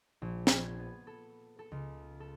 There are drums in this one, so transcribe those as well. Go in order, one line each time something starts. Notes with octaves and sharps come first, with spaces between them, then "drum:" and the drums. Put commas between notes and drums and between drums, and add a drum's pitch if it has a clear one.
A#1
G#6, drum: snare
B3
A4
A4
C#2
A4